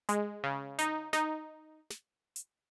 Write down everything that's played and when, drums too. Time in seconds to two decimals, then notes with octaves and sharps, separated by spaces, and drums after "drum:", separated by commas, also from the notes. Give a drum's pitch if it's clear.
0.09 G#3, drum: hi-hat
0.44 C#3
0.79 D#4, drum: hi-hat
1.13 D#4, drum: snare
1.90 drum: snare
2.36 drum: hi-hat